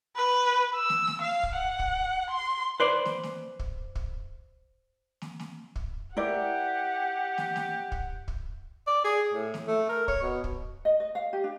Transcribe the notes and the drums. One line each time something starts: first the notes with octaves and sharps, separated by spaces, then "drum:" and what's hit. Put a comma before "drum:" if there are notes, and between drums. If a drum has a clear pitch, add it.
B4
E6
drum: snare
drum: snare
F5
drum: kick
F#5
drum: kick
C6
B4 C5 D5
drum: snare
drum: snare
drum: kick
drum: kick
drum: snare
drum: snare
drum: kick
E4 G4 A#4 D5 F#5
drum: snare
drum: snare
drum: kick
drum: kick
D5
G#4
A2
drum: snare
A3
A#4
C#5, drum: kick
B2
drum: kick
D#5
D#5
F5
G4
D4